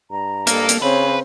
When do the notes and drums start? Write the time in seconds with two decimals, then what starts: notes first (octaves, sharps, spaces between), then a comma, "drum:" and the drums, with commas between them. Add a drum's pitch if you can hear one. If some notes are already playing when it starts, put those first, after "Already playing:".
0.11 G2 A#5
0.47 G2 A#3 A4, drum: hi-hat
0.69 drum: hi-hat
0.82 C#3 C4 B4 C#5